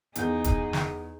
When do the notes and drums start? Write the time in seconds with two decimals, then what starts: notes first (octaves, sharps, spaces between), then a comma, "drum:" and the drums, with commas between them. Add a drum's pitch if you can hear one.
0.15 E2 D#4 G#4 G6, drum: hi-hat
0.44 drum: kick, hi-hat
0.73 drum: snare